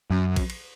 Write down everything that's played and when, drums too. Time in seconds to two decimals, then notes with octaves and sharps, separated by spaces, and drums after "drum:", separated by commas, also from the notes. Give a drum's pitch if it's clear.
0.10 F#2
0.36 drum: kick, cymbal
0.50 drum: cymbal